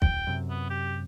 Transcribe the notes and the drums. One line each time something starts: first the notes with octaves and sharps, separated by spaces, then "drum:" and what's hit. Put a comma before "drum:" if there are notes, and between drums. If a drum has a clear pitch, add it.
D#1 G5, drum: kick
F#2 C3
B3
G4